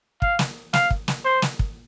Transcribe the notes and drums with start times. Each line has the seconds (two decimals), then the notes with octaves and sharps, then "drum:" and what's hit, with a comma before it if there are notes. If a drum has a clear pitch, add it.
0.22 F5, drum: kick
0.39 drum: snare
0.73 F5, drum: snare
0.91 drum: kick
1.08 drum: snare
1.25 C5
1.42 drum: snare
1.59 drum: kick